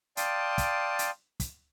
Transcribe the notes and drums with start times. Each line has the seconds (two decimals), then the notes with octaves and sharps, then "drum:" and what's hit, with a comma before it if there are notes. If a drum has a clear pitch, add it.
0.17 D5 F5 G5 A5 C6 D#6, drum: hi-hat
0.58 drum: kick, hi-hat
0.99 drum: hi-hat
1.40 drum: kick, hi-hat